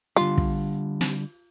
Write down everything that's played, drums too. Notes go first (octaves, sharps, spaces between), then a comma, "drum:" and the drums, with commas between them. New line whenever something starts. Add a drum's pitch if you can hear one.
D3 G3 F4
drum: kick
drum: snare